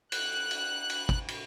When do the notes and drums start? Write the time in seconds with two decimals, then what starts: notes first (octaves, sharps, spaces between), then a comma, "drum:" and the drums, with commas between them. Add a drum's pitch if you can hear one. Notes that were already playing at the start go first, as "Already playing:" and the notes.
0.12 F#6, drum: cymbal
0.51 drum: cymbal
0.90 drum: cymbal
1.09 drum: kick
1.28 drum: cymbal